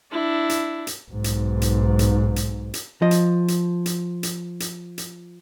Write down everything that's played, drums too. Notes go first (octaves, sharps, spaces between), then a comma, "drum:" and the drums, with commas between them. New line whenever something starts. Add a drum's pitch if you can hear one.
D4 E4
drum: hi-hat
drum: hi-hat
B1 G#2
drum: hi-hat
drum: hi-hat
drum: hi-hat
drum: hi-hat
drum: hi-hat
F3 D#5
drum: hi-hat
drum: hi-hat
drum: hi-hat
drum: hi-hat
drum: hi-hat
drum: hi-hat